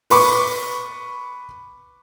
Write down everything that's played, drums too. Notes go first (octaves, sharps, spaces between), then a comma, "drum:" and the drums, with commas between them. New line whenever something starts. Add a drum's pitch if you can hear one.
B4 B5 C#6 D6, drum: open hi-hat